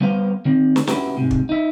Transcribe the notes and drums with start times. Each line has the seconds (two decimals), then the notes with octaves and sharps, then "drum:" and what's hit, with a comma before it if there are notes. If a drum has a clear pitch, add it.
0.01 G3 B3 B4 C5 F5
0.45 D#3 C4
0.76 drum: snare
0.87 G#3 B3 C#4 E4 F#4 G4, drum: snare
1.17 G#2 C3
1.31 drum: kick
1.49 D#4 E5